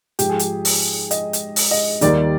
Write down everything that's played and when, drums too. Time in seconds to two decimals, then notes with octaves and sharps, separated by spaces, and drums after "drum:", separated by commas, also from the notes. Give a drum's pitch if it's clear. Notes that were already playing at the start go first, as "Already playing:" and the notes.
0.19 G#2 F3 G4, drum: hi-hat
0.29 G#4
0.39 G4, drum: hi-hat
0.65 drum: open hi-hat
1.11 D#5, drum: hi-hat
1.33 drum: hi-hat
1.56 drum: open hi-hat
1.71 D#5
2.01 D#2 D#3 G3 D5, drum: hi-hat